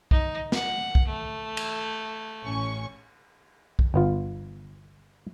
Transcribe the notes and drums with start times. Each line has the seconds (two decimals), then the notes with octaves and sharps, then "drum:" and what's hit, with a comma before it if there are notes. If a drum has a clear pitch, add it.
0.11 D#4, drum: kick B1
0.52 F#5, drum: snare
0.95 drum: kick B1
1.08 A3
1.57 drum: cymbal
2.44 A1 C#4 C#6
3.79 drum: kick B1
3.94 G1 B3 F4